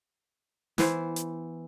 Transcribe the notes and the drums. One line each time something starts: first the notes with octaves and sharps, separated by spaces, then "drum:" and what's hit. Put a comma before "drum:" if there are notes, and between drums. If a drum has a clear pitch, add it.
E3 B3 C5, drum: snare
drum: hi-hat